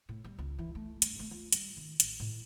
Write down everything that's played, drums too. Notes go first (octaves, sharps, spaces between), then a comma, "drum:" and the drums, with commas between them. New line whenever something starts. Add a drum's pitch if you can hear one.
A2
G3
C#2
E3
A3
G2, drum: hi-hat
A3
F4
G3, drum: hi-hat
D#3
A1, drum: hi-hat
A2